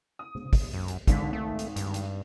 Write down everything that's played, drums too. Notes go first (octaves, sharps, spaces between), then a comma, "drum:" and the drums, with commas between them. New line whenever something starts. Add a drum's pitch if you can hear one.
D#6
drum: tom C3
drum: kick, open hi-hat
F#2
drum: hi-hat
G#1 D3 G#3 B6, drum: kick, hi-hat
A3
drum: hi-hat
G2, drum: hi-hat
drum: hi-hat